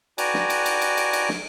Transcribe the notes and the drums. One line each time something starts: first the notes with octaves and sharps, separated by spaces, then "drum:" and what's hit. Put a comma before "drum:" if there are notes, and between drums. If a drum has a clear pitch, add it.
F#4 B4 D5 G5 G#5 A#5, drum: cymbal
drum: snare
drum: cymbal
drum: cymbal
drum: cymbal
drum: cymbal
drum: cymbal
drum: snare